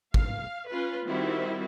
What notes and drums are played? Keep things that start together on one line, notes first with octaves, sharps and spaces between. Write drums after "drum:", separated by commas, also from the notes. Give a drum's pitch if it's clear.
F5, drum: kick
C#4 F4 B4
D#3 G3 C4 E4 F#4